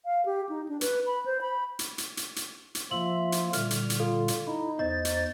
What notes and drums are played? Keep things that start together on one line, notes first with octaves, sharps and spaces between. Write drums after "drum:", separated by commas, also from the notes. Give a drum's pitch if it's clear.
F5
G4
D#4
D4
B4, drum: hi-hat
B5
C5
B5
drum: hi-hat
drum: hi-hat
drum: hi-hat
drum: hi-hat
drum: hi-hat
F3 A#3 F4 E5 F#7
drum: hi-hat
A#2 D3 G3 F6, drum: hi-hat
drum: hi-hat
drum: hi-hat
F4 A4
drum: hi-hat
D#4 E4
E2 C5 D#5 A6
drum: hi-hat